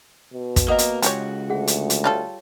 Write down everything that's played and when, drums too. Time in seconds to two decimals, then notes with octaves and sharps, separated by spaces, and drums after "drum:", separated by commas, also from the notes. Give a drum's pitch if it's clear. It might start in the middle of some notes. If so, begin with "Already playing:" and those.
0.34 B2
0.56 drum: kick, hi-hat
0.68 A#3 A#4 D#5 F#5 D#6
0.78 drum: hi-hat
1.02 C#2 G#3 F#4 G4 C#5, drum: hi-hat
1.50 D2 G#4 F#5
1.67 drum: hi-hat
1.90 drum: hi-hat
2.04 G3 F4 A4 C#5 C#6